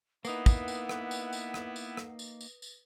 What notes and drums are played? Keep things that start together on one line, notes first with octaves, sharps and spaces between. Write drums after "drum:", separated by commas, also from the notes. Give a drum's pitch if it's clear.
A#3 B3 D#4 E4 B4 F#5 D#6, drum: tambourine
drum: kick, tambourine
drum: tambourine
drum: rim click
drum: tambourine
drum: tambourine
drum: rim click
drum: tambourine
drum: rim click
drum: tambourine
drum: tambourine
drum: tambourine